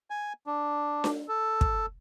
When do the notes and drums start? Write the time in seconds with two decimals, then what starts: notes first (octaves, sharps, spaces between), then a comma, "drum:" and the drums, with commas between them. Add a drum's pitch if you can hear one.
0.10 G#5
0.47 D4
1.04 drum: snare D4
1.28 A4
1.61 drum: kick